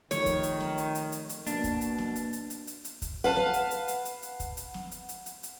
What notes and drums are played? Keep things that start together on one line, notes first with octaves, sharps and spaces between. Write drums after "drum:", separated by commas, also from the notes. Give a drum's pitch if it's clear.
D#3 F3 A3 C#5, drum: hi-hat
drum: kick, hi-hat
drum: hi-hat
drum: snare
drum: hi-hat
drum: hi-hat
drum: hi-hat
drum: hi-hat
B2 A#3 D4, drum: hi-hat
drum: kick, hi-hat
drum: hi-hat
drum: snare
drum: hi-hat
drum: hi-hat
drum: hi-hat
drum: hi-hat
drum: hi-hat
drum: kick, hi-hat
B4 F5 F#5 A5
drum: snare
drum: hi-hat
drum: hi-hat
drum: hi-hat
drum: hi-hat
drum: hi-hat
drum: kick, hi-hat
drum: hi-hat
drum: snare
drum: hi-hat
drum: hi-hat
drum: hi-hat
drum: hi-hat